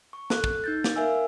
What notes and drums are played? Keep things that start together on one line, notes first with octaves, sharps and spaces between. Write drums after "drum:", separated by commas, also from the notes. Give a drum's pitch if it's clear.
C#6
A4 F#6, drum: snare
drum: kick
D#4 G6 A6
drum: snare
A#4 E5 F5 G#5 E6